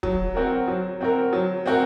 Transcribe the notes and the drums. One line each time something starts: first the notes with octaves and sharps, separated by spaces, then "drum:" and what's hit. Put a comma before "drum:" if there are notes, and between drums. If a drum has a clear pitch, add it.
F#3, drum: kick
C4 F#4 A#4
F#3
C4 F#4 A#4
F#3
C4 F#4 A#4